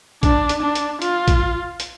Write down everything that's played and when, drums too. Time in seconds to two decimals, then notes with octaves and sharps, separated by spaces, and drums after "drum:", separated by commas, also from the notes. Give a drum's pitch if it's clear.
0.23 D4, drum: kick, hi-hat
0.49 drum: hi-hat
0.63 D4
0.75 drum: hi-hat
1.02 F4, drum: hi-hat
1.28 drum: kick, hi-hat
1.80 drum: hi-hat